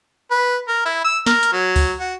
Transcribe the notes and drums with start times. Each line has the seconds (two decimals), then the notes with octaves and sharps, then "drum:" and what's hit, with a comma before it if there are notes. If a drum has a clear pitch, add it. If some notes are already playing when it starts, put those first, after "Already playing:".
0.31 B4
0.68 A#4
0.85 E4
1.04 E6
1.26 A#4, drum: snare
1.43 drum: hi-hat
1.52 F#3
1.76 drum: kick C#2, open hi-hat
2.00 F#4